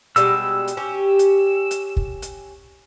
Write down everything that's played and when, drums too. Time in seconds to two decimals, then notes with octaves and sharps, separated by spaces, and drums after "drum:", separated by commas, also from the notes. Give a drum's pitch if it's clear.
0.16 B2 G3 G#3 E6, drum: hi-hat
0.68 drum: hi-hat
0.77 C#4 G4
1.19 drum: hi-hat
1.71 drum: hi-hat
1.97 drum: kick
2.22 drum: hi-hat